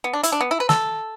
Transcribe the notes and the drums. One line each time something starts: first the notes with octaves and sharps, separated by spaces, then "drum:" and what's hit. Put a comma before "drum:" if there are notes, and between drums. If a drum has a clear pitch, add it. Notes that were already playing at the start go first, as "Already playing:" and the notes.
B3
D4
E4, drum: hi-hat
D4
B3
E4
B4
A4, drum: snare